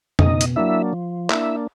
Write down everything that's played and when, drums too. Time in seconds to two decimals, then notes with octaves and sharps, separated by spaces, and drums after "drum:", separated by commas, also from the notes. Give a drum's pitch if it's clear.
0.19 B2 D#4 D#5, drum: tom F2
0.41 drum: hi-hat
0.56 F#3 A#3 D4 E4 E5
0.93 F3
1.30 A#3 D4 E4 E5, drum: clap